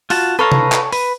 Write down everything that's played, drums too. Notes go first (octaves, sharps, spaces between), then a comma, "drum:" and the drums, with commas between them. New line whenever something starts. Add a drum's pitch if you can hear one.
F4 F#4 A5, drum: open hi-hat
A4 B4 C#5 F5 A5 A#5
drum: tom
drum: clap
B4, drum: open hi-hat